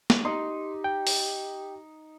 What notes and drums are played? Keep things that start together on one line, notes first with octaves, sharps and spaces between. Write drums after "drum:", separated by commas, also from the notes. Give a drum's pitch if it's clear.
drum: snare A3
D#4 G4 C6
G5
drum: open hi-hat